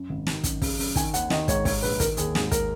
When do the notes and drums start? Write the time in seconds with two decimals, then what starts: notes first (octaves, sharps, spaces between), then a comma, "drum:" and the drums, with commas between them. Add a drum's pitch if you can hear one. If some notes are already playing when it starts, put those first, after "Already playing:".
Already playing: F#2
0.09 G#1
0.27 D#3, drum: snare
0.44 F#2, drum: kick, hi-hat
0.62 C#3, drum: kick, open hi-hat
0.79 F#2, drum: open hi-hat
0.96 D#3 G#5, drum: kick, hi-hat
1.14 D#2 F#5, drum: hi-hat
1.30 D#3 D#5, drum: snare
1.48 G#2 C#5, drum: kick, hi-hat
1.65 G#2 C#5, drum: kick, open hi-hat
1.83 A#1 B4, drum: open hi-hat
2.00 D#3 A#4, drum: kick, hi-hat
2.17 D#2 G#4, drum: hi-hat
2.35 G#2 G#4, drum: snare
2.51 A#4, drum: kick, hi-hat